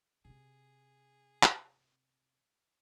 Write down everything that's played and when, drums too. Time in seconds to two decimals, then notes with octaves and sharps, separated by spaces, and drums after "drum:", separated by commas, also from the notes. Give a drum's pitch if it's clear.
0.25 C3 C4 G#4
1.43 drum: clap